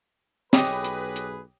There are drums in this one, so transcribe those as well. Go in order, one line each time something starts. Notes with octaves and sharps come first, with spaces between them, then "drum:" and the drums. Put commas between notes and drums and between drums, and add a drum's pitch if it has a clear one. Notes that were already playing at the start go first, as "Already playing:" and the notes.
B1 G4 G#4 B4 C#5 D#5, drum: snare
drum: hi-hat
drum: hi-hat